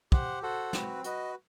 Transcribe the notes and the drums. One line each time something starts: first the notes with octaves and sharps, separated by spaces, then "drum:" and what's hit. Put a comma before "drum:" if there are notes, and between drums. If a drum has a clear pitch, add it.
G4 C5 F#5, drum: kick
F#4 A4 C5 F#5
C4 F#4 B4, drum: snare
F#4 B4 D#5, drum: hi-hat